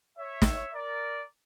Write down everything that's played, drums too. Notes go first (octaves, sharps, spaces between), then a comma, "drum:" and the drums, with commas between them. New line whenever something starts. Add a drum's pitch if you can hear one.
C#5 E5
drum: snare
A#4 D5